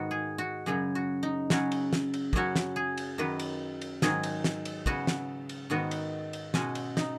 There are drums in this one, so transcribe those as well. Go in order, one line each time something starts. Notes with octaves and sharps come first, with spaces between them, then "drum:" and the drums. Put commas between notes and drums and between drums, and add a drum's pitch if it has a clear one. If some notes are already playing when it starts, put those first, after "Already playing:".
Already playing: G#2 D#3 B3 F#4
G#4
F#4
F#2 C#3 F#3 G#4
F#4
D#4
C#3 F#3 C#4 F#4, drum: snare
drum: cymbal
drum: snare
drum: cymbal
F#2 C#3 F#3 C#4 F#4, drum: kick
drum: snare
G#4
drum: cymbal
F#2 D#3 F#3 B4
drum: cymbal
drum: cymbal
G#2 D#3 F#3 G#4, drum: snare
drum: cymbal
drum: snare
drum: cymbal
C#3 B3 F#4, drum: kick
drum: snare
drum: cymbal
G#2 D#3 B3 F#4
drum: cymbal
drum: cymbal
B2 G#3 C#4 F#4, drum: snare
drum: cymbal
D#4, drum: snare